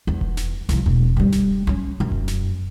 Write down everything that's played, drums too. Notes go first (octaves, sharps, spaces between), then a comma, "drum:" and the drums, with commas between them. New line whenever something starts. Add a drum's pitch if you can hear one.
E2
drum: kick E1
drum: snare
C2 F3, drum: snare
E1 B2
G2 G3
drum: snare
F#3 C#4
F#2
drum: kick E1
drum: snare